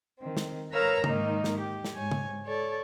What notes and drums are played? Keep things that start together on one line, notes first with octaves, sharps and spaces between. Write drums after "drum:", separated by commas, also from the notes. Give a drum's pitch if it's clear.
D#3 C4
drum: snare
A#4 B4 C#5 F5 A#5 E6
G#2 D#3 A#3 D#4, drum: tom
drum: snare
G4
drum: snare
G#2 C#5 G#5
drum: tom
A4 C#5 D5